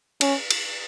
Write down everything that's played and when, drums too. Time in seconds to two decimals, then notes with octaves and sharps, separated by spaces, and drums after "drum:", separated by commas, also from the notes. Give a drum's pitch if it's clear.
0.21 C#4, drum: cymbal
0.51 drum: cymbal